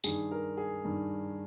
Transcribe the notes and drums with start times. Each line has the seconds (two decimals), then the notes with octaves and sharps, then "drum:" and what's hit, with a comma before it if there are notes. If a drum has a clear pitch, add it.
0.04 G2 D#3 G#4, drum: tambourine
0.31 A#4
0.57 G#4
0.85 G2 D#3